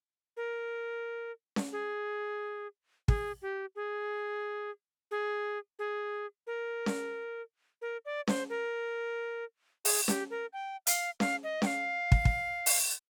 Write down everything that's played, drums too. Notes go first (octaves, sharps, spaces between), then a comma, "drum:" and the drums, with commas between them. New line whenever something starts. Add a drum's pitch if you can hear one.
A#4
drum: snare C#4
G#4
G#4, drum: kick
G4
G#4
G#4
G#4
A#4
drum: snare C#4
A#4
D5
C5, drum: snare C#4
A#4
G#4, drum: open hi-hat
G4, drum: snare C#4
A#4
G5
F5, drum: hi-hat
F5, drum: snare C#4
D#5
G5, drum: snare C#4
F5
drum: kick
drum: kick
drum: open hi-hat